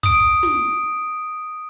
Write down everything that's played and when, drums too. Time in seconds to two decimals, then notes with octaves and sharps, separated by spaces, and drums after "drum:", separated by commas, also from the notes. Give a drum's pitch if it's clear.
0.03 D#6 D7, drum: kick
0.43 drum: snare